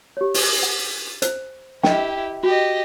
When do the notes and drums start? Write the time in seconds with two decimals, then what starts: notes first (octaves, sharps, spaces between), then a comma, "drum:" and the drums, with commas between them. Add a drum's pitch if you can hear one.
0.17 G4 C#5
0.34 drum: open hi-hat
0.63 F#5
1.22 C5, drum: hi-hat
1.83 E4 G4 D#5 G5, drum: snare
2.43 F#4 G4 D#5